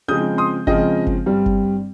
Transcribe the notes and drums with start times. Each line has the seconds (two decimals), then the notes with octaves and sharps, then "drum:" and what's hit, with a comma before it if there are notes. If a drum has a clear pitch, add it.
0.08 C#3 F3 G#3 C4 D#6 G6, drum: tom
0.38 C6 D#6
0.67 C#3 F3 G#3 C4 D#5 G5, drum: kick F#1
1.06 drum: kick F#1
1.26 G2 G3 C4
1.46 drum: kick F#1